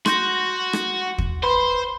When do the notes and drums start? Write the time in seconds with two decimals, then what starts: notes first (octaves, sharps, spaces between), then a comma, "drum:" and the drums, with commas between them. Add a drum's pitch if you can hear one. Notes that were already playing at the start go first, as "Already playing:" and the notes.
0.06 F#4 C6 G6 A#6, drum: rim click
0.73 drum: rim click
1.18 drum: kick
1.43 B4 C5 B5 C6